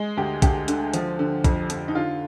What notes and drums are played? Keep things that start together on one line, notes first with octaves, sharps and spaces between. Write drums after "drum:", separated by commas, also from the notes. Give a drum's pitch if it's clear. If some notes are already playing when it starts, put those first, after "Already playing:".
Already playing: G#3
D2 G4
D2 G4, drum: kick, hi-hat
D3, drum: hi-hat
F3, drum: hi-hat
D3
F2, drum: kick, hi-hat
F2, drum: hi-hat
D#4
D3 F4